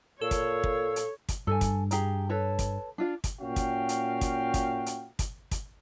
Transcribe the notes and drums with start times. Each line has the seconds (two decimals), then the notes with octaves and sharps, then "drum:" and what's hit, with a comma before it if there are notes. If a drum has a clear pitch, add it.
0.21 A#2 A4 C#5 F5 C#6 E6
0.31 drum: kick, hi-hat
0.64 drum: kick
0.96 drum: hi-hat
1.29 drum: kick, hi-hat
1.47 G2 A4 G#5
1.61 drum: kick, hi-hat
1.91 G4 G#4 A#5, drum: hi-hat
2.29 A4 B4 C#5
2.59 drum: kick, hi-hat
2.98 D4 F4 F5
3.24 drum: kick, hi-hat
3.40 A#2 C#4 F#4 F5 G5
3.56 drum: kick, hi-hat
3.89 drum: hi-hat
4.21 drum: kick, hi-hat
4.54 drum: kick, hi-hat
4.86 drum: hi-hat
5.19 drum: kick, hi-hat
5.51 drum: kick, hi-hat